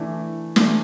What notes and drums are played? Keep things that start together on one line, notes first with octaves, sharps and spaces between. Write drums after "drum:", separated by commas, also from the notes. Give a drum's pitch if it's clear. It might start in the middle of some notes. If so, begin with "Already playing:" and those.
Already playing: E3 A3 D4
E3 A3 D4, drum: snare